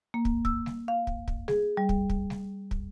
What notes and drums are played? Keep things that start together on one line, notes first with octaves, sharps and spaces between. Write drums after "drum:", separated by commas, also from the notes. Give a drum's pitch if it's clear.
A#3
drum: kick
E6, drum: kick
drum: snare G3
F5
drum: kick
drum: kick
G#4, drum: snare G3
G3
drum: kick
drum: kick
drum: snare G3
drum: kick